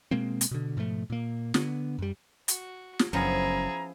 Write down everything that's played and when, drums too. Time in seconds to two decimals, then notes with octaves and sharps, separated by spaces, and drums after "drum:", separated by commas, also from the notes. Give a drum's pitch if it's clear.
0.11 B2 G#3 A#3 C4
0.41 drum: hi-hat
0.51 B2 D3
0.77 G#2 B2 F3 A3
1.10 A#2 A#3
1.54 D3 B3, drum: snare
1.98 F#2 G3
2.48 F#4, drum: hi-hat
2.99 drum: snare
3.13 F#1 F#2 F3 B3 C#4 E4 G#4 A#5